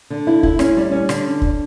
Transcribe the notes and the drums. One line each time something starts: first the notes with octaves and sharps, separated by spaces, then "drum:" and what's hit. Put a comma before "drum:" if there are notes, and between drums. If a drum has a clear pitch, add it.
D3
E4
E4, drum: kick
C#4, drum: rim click
G3
C#4
D3, drum: rim click
drum: kick